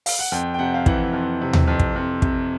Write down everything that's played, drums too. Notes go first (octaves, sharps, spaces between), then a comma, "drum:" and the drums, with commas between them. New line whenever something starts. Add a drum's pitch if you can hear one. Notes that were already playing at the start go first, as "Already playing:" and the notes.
F5, drum: open hi-hat
F#5
F2 G5
G5
C3 F#5
F5
E3 F#5, drum: kick
F2
C3
drum: tom D#2
F2
drum: kick
F2
C3, drum: kick